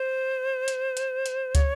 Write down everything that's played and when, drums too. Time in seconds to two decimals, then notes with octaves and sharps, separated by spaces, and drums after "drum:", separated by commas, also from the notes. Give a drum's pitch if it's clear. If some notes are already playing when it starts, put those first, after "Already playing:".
Already playing: C5
0.68 drum: hi-hat
0.97 drum: hi-hat
1.26 drum: hi-hat
1.55 C#5, drum: kick, hi-hat